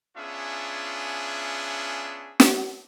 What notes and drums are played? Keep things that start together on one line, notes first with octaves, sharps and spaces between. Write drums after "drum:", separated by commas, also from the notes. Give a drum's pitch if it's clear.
B3 C#4 D4 F4 G#4 E5
drum: snare